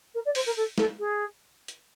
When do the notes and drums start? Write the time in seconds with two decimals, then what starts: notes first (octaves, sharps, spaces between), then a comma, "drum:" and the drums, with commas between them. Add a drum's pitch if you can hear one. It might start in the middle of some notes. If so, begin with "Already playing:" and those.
0.14 A#4
0.25 D5
0.35 C5, drum: open hi-hat
0.46 A#4
0.56 A4
0.78 A4, drum: snare
0.99 G#4
1.68 drum: hi-hat